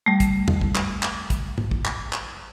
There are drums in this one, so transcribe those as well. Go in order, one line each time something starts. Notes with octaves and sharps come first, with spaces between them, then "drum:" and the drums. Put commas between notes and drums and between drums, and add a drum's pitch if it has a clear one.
G3 A3
drum: kick, hi-hat
drum: tom E2
drum: kick
drum: clap
drum: clap
drum: kick, hi-hat
drum: tom
drum: kick
drum: clap
drum: clap